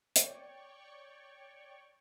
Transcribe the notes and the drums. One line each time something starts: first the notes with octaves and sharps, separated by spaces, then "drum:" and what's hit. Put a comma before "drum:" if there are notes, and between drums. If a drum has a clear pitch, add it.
C#5 D5 G5 C#6, drum: hi-hat